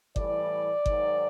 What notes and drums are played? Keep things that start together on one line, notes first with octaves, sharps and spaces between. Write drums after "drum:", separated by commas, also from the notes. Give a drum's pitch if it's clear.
A2 E3 G3 D5, drum: kick G1
G#2 D#3 F#3, drum: kick G1